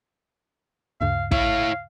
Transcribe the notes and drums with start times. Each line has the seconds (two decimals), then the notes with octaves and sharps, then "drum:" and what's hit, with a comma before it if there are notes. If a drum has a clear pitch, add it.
1.01 D2 G2 C#3 F5
1.31 E4 C#5 F5, drum: kick